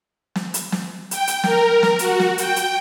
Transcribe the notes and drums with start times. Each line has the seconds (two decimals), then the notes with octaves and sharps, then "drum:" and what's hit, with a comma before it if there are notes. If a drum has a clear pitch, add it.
0.36 drum: snare
0.54 drum: hi-hat
0.72 drum: snare
1.11 G5, drum: hi-hat
1.27 drum: hi-hat
1.43 A#4, drum: snare
1.83 drum: snare
1.99 F#4, drum: hi-hat
2.19 drum: snare
2.38 G5, drum: hi-hat
2.56 drum: hi-hat